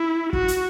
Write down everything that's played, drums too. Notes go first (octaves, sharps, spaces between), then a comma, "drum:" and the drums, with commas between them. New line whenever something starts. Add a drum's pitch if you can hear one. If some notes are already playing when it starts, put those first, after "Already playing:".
Already playing: E4
F#4, drum: kick
drum: hi-hat